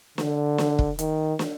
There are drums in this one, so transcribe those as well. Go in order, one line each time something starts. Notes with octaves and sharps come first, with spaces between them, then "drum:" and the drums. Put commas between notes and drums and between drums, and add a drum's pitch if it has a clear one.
D3, drum: snare
drum: snare
drum: kick
D#3, drum: hi-hat
drum: snare